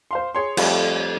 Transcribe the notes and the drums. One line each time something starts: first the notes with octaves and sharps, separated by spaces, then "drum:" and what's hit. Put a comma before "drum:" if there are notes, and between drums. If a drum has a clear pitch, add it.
C5 F5 C6
G#4 C#5 C6
F2 G3 A3, drum: cymbal